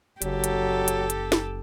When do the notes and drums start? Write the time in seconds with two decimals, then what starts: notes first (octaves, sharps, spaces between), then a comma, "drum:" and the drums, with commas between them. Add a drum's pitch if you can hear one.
0.22 F#1 F#3 G4 A4, drum: hi-hat
0.44 drum: hi-hat
0.88 drum: hi-hat
1.10 drum: hi-hat
1.32 drum: snare